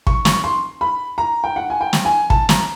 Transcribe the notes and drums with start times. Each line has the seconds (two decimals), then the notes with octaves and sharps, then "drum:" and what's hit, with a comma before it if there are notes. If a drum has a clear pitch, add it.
0.07 C#6, drum: kick
0.25 C#6, drum: snare
0.44 C6
0.81 B5
1.18 A#5
1.44 G5
1.56 F#5
1.70 G#5
1.81 G5
1.93 drum: snare
2.05 G#5
2.30 A5, drum: kick
2.49 A#5, drum: snare